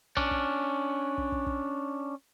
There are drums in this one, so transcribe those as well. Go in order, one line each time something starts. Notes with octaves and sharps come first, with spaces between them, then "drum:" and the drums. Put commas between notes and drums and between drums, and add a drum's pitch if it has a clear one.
C#4 D4, drum: kick
drum: kick
drum: kick
drum: kick
drum: kick